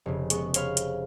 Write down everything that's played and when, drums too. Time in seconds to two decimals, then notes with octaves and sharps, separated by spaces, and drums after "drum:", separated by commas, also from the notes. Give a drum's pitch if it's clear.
0.06 F1 C#3
0.30 G#3 B3 C#6, drum: hi-hat
0.54 C5 C#5 F5 B5 C6 F6, drum: hi-hat
0.77 drum: hi-hat